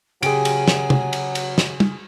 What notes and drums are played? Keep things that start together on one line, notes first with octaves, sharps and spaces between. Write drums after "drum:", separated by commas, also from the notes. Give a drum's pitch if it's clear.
C#3 F#3 G4 G#4 G#5 D7, drum: cymbal
drum: cymbal
drum: snare
drum: tom
drum: cymbal
drum: cymbal
drum: snare
drum: tom